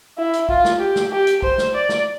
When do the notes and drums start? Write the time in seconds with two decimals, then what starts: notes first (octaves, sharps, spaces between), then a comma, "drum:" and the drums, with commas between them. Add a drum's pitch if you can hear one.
0.18 E4
0.33 drum: hi-hat
0.49 F4, drum: kick
0.65 drum: snare
0.80 G4
0.96 drum: snare
1.12 G4
1.27 drum: hi-hat
1.42 C5, drum: kick
1.58 drum: snare
1.74 D5
1.89 drum: snare